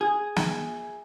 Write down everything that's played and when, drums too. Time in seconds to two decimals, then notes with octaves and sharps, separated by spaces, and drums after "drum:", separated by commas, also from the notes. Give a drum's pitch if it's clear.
0.01 G#4
0.36 drum: snare